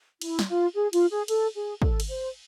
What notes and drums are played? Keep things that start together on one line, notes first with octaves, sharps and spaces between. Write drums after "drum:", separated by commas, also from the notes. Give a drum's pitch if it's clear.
E4, drum: cymbal
drum: snare
F4
G#4
F4, drum: cymbal
G#4
A4, drum: cymbal
G#4
A4, drum: kick
drum: cymbal
C5